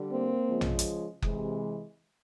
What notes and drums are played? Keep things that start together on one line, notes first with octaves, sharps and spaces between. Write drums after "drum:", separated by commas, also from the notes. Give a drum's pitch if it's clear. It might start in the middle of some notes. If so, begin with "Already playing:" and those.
Already playing: D3 G3
A#3 C4
C#3 F3 G#3
drum: tom A#1
drum: hi-hat
C3 E3 G#3, drum: kick F#1